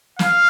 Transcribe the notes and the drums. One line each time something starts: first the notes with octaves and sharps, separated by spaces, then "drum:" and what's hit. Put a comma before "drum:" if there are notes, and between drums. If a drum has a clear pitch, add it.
F5, drum: snare